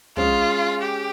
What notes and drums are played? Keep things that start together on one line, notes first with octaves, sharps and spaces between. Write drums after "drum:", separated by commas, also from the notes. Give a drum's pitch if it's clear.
G#3 C#4 F4 G#4, drum: tom
G4